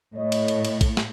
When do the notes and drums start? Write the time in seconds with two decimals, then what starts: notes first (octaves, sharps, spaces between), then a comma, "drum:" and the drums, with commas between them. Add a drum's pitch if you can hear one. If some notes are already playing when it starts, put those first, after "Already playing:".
0.16 A2 C#5 D#5
0.32 drum: cymbal
0.48 drum: cymbal
0.65 drum: cymbal
0.81 drum: kick, cymbal
0.97 drum: snare